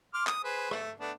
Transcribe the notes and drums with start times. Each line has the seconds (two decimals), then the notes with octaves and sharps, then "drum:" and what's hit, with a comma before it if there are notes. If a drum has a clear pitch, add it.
0.14 C6 D6 F6
0.27 D#6, drum: clap
0.44 G#4 B4 C5
0.71 A3 E5, drum: rim click
1.01 A3 B3 D4